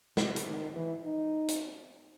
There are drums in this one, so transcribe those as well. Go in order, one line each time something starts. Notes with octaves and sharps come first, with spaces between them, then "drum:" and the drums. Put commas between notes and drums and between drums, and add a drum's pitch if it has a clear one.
C3, drum: snare
drum: hi-hat
D#3
E3
D#4
drum: hi-hat